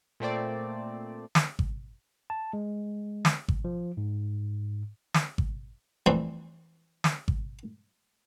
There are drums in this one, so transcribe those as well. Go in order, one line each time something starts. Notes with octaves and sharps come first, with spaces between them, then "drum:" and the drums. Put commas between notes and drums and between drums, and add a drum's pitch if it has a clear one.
A#2 A3 C4 D5
drum: snare
drum: kick G#1
A5
G#3
drum: snare
drum: kick G#1
F3
G#2
drum: snare
drum: kick G#1
F2 E3 G3 A3 C4
drum: snare
drum: kick G#1